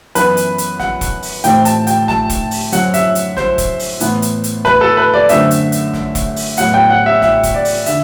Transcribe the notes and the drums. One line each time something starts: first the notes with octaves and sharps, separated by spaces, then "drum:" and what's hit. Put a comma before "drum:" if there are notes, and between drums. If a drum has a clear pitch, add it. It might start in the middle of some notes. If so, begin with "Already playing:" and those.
F#2 E3 B3 B4, drum: hi-hat
drum: hi-hat
drum: hi-hat
F#5, drum: snare
drum: kick E1, hi-hat
drum: open hi-hat
A2 E3 A3 C4 G5, drum: hi-hat
A5, drum: hi-hat
G5, drum: hi-hat
A5, drum: snare
drum: kick E1, hi-hat
drum: open hi-hat
F#2 F#3 C4 F#5, drum: hi-hat
E5, drum: hi-hat
drum: hi-hat
C5, drum: snare
drum: kick E1, hi-hat
drum: open hi-hat
A2 E3 B3, drum: hi-hat
drum: hi-hat
drum: hi-hat
B4, drum: snare
A4
B4
D5
F#2 D3 A3 C4 E5, drum: hi-hat
drum: hi-hat
drum: hi-hat
drum: snare
drum: kick E1, hi-hat
drum: open hi-hat
A2 F#3 B3 F#5, drum: hi-hat
G5
F#5
E5
E5, drum: snare
drum: kick E1, hi-hat
D5
drum: open hi-hat
D3 E5, drum: hi-hat